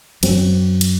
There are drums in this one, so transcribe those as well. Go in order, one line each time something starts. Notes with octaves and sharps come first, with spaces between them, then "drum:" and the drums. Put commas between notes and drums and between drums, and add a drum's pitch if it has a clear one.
F#2 F#3 C4, drum: cymbal
drum: cymbal